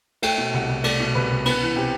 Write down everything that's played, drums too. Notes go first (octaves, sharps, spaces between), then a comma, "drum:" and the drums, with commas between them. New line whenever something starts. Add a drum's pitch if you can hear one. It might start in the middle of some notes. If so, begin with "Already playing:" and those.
A3 G5, drum: cymbal
B2
C2 F#5
C2
A3 D5, drum: cymbal
B2
C2 B4
C2
B3 B4, drum: cymbal
E3
C3 G4